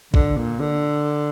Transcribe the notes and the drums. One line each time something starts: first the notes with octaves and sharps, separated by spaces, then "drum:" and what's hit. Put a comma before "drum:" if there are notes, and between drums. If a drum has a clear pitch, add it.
D3, drum: kick A1
A#2
D3